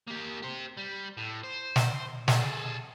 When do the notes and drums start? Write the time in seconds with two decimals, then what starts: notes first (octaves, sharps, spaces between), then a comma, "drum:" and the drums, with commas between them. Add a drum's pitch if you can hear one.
0.08 A#3 G4
0.42 G4 C5
0.77 G3
1.17 A2
1.43 C5
1.76 drum: snare
2.28 G#4 A4, drum: snare